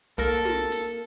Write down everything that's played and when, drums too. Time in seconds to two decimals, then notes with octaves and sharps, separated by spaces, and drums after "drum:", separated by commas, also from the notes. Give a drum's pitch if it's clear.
0.18 C2 A#3 A4 A#4 A#6, drum: hi-hat
0.45 drum: snare
0.72 drum: open hi-hat